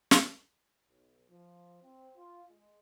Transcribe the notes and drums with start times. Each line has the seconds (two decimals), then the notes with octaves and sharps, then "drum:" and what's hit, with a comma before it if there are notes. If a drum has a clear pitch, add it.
0.11 drum: snare
0.88 B1
1.29 F3
1.82 C4
2.16 F4
2.49 G#3